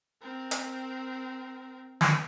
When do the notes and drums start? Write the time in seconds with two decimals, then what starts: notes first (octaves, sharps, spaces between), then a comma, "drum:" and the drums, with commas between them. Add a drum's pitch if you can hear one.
0.21 C4 A#4
0.51 drum: hi-hat
2.01 drum: snare